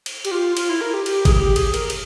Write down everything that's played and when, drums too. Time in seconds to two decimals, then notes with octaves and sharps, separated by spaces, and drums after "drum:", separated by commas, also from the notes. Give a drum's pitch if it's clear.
0.06 drum: cymbal
0.25 G4, drum: cymbal
0.31 F4
0.57 F4, drum: cymbal
0.69 E4
0.81 A#4
0.94 G4
1.06 G4, drum: cymbal
1.25 G#4, drum: kick, cymbal
1.32 G4
1.56 G#4, drum: cymbal
1.74 A#4, drum: cymbal
1.90 drum: cymbal